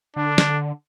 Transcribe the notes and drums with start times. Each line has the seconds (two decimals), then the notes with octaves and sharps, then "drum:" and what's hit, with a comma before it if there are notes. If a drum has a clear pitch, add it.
0.16 D3 D4
0.38 drum: snare